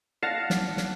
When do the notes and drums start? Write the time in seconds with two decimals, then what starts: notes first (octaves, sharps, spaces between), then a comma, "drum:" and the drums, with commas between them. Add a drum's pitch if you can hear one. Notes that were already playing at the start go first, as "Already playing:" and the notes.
0.23 F5 F#5 A5 A#6
0.50 drum: snare
0.77 drum: snare